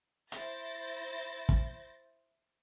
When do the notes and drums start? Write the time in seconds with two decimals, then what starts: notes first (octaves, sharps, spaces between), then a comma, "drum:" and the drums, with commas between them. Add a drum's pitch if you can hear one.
0.32 E4 C5 G6 A6 A#6, drum: hi-hat
1.49 drum: kick